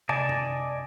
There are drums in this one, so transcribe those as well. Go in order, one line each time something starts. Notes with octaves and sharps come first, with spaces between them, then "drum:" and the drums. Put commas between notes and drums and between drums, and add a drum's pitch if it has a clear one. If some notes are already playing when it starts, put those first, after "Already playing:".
D5 D#5 G#5 A5, drum: tom
drum: tom